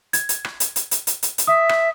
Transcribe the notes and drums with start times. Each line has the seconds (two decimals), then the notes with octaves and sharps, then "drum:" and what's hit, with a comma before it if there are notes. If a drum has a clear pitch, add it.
0.13 G#6, drum: hi-hat
0.29 drum: hi-hat
0.45 drum: rim click
0.60 drum: hi-hat
0.76 drum: hi-hat
0.91 drum: hi-hat
1.07 drum: hi-hat
1.23 drum: hi-hat
1.38 drum: hi-hat
1.47 E5 D#6
1.69 drum: rim click